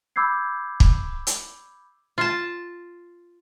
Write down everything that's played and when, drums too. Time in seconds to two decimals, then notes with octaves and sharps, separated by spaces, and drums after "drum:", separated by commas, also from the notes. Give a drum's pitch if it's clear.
0.16 B5 D6 E6 G6 G#6 C7
0.80 drum: kick
1.27 drum: hi-hat
2.18 F4 A5